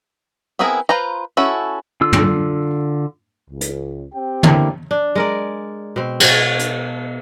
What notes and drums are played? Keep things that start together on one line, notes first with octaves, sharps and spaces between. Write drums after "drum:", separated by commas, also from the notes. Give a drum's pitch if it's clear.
B3 C4 E4 G#4 A#4
F4 B4 C5 A#5
C#4 E4 F#4 A4
D3 F4 E6
drum: tom
C#2
drum: hi-hat
C4 G4 G5
D3 A#3 E4, drum: tom
D4
G#3 A#4 D5
B2 C4
B2 C#5 F#5, drum: cymbal
drum: hi-hat